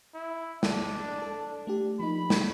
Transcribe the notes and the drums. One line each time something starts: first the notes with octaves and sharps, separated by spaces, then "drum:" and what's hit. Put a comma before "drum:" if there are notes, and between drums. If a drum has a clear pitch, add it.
E4
D4, drum: snare
A4 A5
A3 D4 G4
F3 A#3 D#4 B5
drum: snare